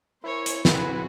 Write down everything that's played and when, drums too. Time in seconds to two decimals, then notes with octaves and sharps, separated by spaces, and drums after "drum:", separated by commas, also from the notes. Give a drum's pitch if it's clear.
0.24 E4 A#4 C5 C#5 G#5
0.46 drum: hi-hat
0.65 C4 E4 F#4 G#4 B4, drum: snare